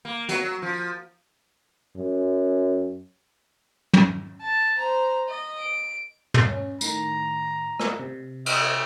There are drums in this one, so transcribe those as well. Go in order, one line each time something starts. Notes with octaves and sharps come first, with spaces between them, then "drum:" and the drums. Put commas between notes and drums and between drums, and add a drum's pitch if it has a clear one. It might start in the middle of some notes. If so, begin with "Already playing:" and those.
A#3
F#3, drum: hi-hat
F3
F#2
drum: tom
A5
C5 A#5
D#5
D7
drum: tom
C#4
A2 D#3 A#5, drum: tambourine
drum: rim click
C3
D#5, drum: cymbal